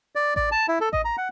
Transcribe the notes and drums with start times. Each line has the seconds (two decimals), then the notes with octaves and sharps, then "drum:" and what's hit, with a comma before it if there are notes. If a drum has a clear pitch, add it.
0.15 D5
0.36 D5, drum: kick A1
0.52 A5
0.68 E4
0.81 A4
0.93 D#5, drum: kick A1
1.05 A#5
1.17 F#5